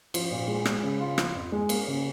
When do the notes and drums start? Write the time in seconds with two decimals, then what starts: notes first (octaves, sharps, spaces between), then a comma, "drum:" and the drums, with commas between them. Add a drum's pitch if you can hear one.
0.14 F3, drum: cymbal
0.31 A#2
0.48 G#3
0.65 G#3, drum: rim click
0.83 C#3
1.00 F4
1.18 F3, drum: rim click
1.34 F2
1.52 G#3
1.69 A#3, drum: cymbal
1.87 C#3